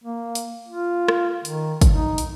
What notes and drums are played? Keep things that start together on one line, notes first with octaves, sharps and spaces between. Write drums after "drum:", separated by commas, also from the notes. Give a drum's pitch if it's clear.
A#3
drum: hi-hat
F4
drum: rim click
D#3, drum: hi-hat
drum: kick, hi-hat
D#4
drum: hi-hat